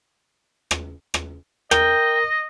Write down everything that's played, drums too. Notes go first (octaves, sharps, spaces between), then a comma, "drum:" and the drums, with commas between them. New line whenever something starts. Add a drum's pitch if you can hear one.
drum: rim click
drum: rim click
A#4 D#5 G5, drum: rim click